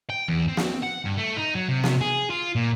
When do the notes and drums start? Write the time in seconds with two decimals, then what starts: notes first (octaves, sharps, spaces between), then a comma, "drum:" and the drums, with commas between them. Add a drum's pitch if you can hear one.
0.10 G5
0.28 E2
0.48 C4
0.57 drum: snare
0.82 F#5
1.04 G2
1.17 A3
1.37 D#4
1.55 F#3
1.69 C3
1.84 drum: snare
2.01 G#4
2.30 F4
2.55 A#2